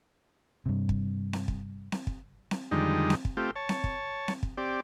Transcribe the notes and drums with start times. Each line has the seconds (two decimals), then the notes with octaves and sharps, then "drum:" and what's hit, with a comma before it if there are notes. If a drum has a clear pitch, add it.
0.66 G2 C3
0.89 drum: kick
1.33 drum: snare C4
1.48 drum: kick
1.92 drum: snare C4
2.07 drum: kick
2.51 drum: snare C4
2.71 F2 D3 D#3 G3 G#3 D#4
3.10 drum: snare C4
3.25 drum: kick
3.37 A3 C4 F4 G4
3.56 C#5 A5
3.69 drum: snare C4
3.84 drum: kick
4.28 drum: snare C4
4.43 drum: kick
4.57 C4 G4 D5